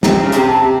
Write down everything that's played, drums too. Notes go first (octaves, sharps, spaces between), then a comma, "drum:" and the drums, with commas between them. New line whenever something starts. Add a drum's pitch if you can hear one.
C3 A#5, drum: snare
C#3
C3, drum: hi-hat
A#5
A5
C3